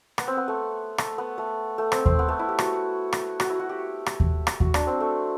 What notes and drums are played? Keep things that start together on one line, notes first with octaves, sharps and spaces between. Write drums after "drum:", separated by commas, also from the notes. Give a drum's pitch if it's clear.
B3, drum: rim click
C4
B3
A3
A3, drum: rim click
B3
A3
A3
C4, drum: rim click
C4, drum: kick D#2
B3
A3
E4
G4
F#4, drum: rim click
drum: rim click
F#4, drum: rim click
E4
F#4
G4
drum: rim click
drum: kick D#2
drum: rim click
F#4, drum: kick D#2
D4, drum: rim click
C4
A3